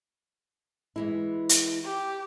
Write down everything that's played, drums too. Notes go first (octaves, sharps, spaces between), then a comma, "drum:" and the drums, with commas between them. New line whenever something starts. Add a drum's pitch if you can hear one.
E3 G#3 E4
drum: hi-hat
G4